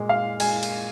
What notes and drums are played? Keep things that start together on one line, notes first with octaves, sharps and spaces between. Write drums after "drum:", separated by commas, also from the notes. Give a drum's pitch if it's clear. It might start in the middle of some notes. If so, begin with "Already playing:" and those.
Already playing: A#2 G#3
F5
G#3 G#5, drum: cymbal
drum: cymbal